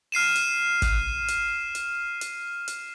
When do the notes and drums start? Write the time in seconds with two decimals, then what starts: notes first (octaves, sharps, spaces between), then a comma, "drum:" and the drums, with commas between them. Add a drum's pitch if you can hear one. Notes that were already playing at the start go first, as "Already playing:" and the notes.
0.12 F6 C7 D#7 E7
0.36 drum: hi-hat
0.82 drum: kick, hi-hat
1.28 drum: hi-hat
1.75 drum: hi-hat
2.21 drum: hi-hat
2.68 drum: hi-hat